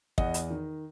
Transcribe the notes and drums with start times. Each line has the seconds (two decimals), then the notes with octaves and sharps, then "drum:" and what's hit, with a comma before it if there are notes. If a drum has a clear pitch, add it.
0.18 E2 D#5 F#5, drum: kick
0.34 drum: hi-hat
0.50 D#3